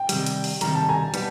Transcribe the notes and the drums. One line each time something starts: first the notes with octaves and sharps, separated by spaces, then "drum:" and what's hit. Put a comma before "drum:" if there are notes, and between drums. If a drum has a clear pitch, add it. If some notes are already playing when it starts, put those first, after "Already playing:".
Already playing: G5
C3 D#3 G3, drum: hi-hat
drum: hi-hat
drum: open hi-hat
C3 D#3 G3 A#5, drum: hi-hat
A5
G#5 A#5
G3 B3 D#4, drum: hi-hat